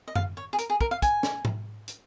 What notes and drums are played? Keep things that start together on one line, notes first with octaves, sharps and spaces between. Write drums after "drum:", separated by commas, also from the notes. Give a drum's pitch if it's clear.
D#5
F5, drum: tom F#2
C#5
G#4
A#4, drum: hi-hat
G#4
A#4, drum: kick
F5
G#5, drum: kick, hi-hat
drum: snare
drum: tom G#2
drum: hi-hat